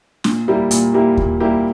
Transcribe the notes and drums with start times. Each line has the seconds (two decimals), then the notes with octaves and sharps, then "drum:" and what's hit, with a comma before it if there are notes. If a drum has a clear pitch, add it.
0.24 A#2, drum: snare
0.48 G3 A#3 E4 G4
0.71 A#2, drum: hi-hat
0.94 G3 A#3 E4 G4
1.17 A#2, drum: kick D#2
1.40 G3 A#3 E4 G4